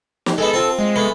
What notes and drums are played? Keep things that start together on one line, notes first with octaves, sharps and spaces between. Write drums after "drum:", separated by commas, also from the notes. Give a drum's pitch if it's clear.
drum: snare
G#3 B3 A4
C4 F4
G#3
A3 B3